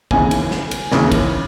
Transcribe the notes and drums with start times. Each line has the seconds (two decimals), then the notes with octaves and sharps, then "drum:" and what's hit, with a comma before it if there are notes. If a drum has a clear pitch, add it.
0.11 D#2 C#3 E3 G#5, drum: kick
0.31 drum: cymbal
0.51 drum: snare
0.71 drum: cymbal
0.92 D#2 C#3 E3, drum: snare
1.12 drum: kick, cymbal